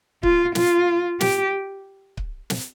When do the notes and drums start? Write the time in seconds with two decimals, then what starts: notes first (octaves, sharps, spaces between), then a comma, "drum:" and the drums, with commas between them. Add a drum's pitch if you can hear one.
0.23 F4, drum: kick C#1
0.55 F4, drum: snare
1.21 G4, drum: snare
2.17 drum: kick C#1
2.50 drum: snare